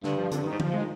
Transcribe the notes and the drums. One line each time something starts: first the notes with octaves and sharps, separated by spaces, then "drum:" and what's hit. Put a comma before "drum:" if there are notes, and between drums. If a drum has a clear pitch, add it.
G2 D3, drum: snare
F3
F2 D3, drum: hi-hat
G2
G#2 D#3
F3, drum: tom D3
F3
G#3
D#3